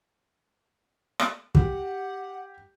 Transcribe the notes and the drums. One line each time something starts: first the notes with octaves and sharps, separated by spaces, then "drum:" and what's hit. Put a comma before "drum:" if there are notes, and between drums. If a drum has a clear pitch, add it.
drum: rim click
G4 F#5, drum: kick